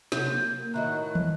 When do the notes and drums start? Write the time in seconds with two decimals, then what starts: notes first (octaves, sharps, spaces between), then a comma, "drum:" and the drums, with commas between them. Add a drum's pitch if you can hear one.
0.12 C3 F#3 G6, drum: snare
0.30 A#3
0.74 A2 D#3 F#4 D#5 E5 A#5 F#6
1.15 drum: tom